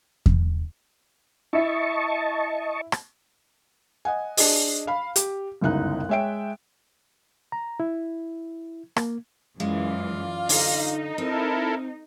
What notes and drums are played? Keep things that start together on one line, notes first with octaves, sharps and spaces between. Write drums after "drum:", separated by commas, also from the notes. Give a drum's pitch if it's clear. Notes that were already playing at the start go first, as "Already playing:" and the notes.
drum: kick E2
E4 D#5 E5 A5 C#6
drum: rim click
D#5 F#5 G#5
D4 G#4 D#5, drum: open hi-hat
F5 B5
G4, drum: hi-hat
G1 C#2 F#2 D#4 E4 F#6
G#3 C#5 E5 G5 D7
A#5
E4
A#3, drum: rim click
F#2 E3 G#3 F4 D5 F5
D3 D#4, drum: open hi-hat
C4 E4 A4 A#4